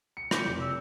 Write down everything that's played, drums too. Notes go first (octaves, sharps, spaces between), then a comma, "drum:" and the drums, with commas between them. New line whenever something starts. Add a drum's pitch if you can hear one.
C#7
G4, drum: rim click
F1
E6